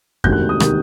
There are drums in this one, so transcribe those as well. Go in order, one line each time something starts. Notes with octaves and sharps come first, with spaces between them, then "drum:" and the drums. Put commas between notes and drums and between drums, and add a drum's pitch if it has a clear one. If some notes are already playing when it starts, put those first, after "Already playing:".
E1 D2 C3 D#3 G6, drum: kick F#2
F#6
D#6
C3 D#3, drum: rim click